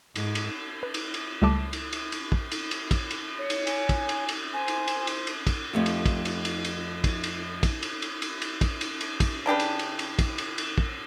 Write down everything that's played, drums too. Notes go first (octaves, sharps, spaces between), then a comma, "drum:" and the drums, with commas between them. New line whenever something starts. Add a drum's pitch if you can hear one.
G#2, drum: cymbal
drum: cymbal
B4
drum: cymbal
drum: cymbal
C#2 G3 A3 A4 A5 D6
drum: cymbal
drum: cymbal
drum: cymbal
drum: kick
drum: cymbal
drum: cymbal
drum: kick, cymbal
drum: cymbal
C#5
drum: cymbal
G#5, drum: cymbal
drum: kick, cymbal
drum: cymbal
drum: cymbal
C5 G#5
drum: cymbal
drum: cymbal
drum: cymbal
drum: cymbal
drum: kick, cymbal
F2 A3 G4
drum: cymbal
drum: kick, cymbal
drum: cymbal
drum: cymbal
drum: cymbal
drum: kick, cymbal
drum: cymbal
drum: kick, cymbal
drum: cymbal
drum: cymbal
drum: cymbal
drum: cymbal
drum: kick, cymbal
drum: cymbal
drum: cymbal
drum: kick, cymbal
C#3 D4 G4 B4
drum: cymbal
drum: cymbal
drum: cymbal
drum: kick, cymbal
drum: cymbal
drum: cymbal
drum: kick